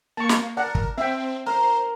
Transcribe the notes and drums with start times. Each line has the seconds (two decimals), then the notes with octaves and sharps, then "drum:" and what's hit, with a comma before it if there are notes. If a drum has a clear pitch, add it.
0.17 A#3 A5 C#6
0.29 drum: snare
0.57 A#4 D5 F#5 A5
0.75 drum: kick
0.98 C4 E5 G5
1.46 A#4 C5